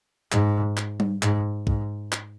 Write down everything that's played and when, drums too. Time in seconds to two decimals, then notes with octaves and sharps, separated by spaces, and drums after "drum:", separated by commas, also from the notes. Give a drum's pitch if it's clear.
0.32 G#2, drum: clap
0.77 drum: clap
1.00 drum: tom G3
1.23 G#2, drum: clap
1.67 G#2, drum: kick
2.12 drum: clap